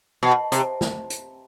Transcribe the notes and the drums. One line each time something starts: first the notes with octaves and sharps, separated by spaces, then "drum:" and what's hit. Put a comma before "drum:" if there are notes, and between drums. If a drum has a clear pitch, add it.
B2
C3, drum: hi-hat
drum: snare
drum: hi-hat